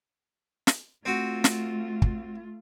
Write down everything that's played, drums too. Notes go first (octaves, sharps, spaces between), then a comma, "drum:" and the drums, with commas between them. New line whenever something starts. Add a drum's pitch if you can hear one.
drum: snare
A3 C4 F4 F#4
drum: snare
drum: kick